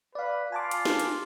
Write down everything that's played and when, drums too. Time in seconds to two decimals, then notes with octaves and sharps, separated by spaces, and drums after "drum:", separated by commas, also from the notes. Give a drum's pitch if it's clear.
0.15 B4 D5 F5
0.52 F4 G#5 A5 D6
0.71 drum: hi-hat
0.85 drum: snare
0.99 drum: hi-hat